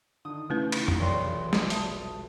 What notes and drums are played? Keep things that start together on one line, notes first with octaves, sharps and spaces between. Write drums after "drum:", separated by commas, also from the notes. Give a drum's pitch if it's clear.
D3 D#3 D#6
C#3 E3 A3 C#4 B4
D#4, drum: cymbal
drum: tom F2
F1 B1 E3 C#5 D5 G5 C6
G3, drum: snare
E5 A5 D#6, drum: hi-hat